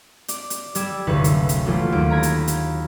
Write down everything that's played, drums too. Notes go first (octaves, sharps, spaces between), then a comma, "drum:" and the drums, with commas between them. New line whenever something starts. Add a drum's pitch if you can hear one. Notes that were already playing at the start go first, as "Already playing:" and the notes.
D5, drum: hi-hat
drum: hi-hat
G3 D5 E6 G#6 E7, drum: hi-hat
F#1 D2 C3 B4 C#6
drum: hi-hat
drum: hi-hat
E3 F#3 G3 A3 A#3 F4
D#2 D7
A#5 B5 G#6 A#6
drum: hi-hat
drum: hi-hat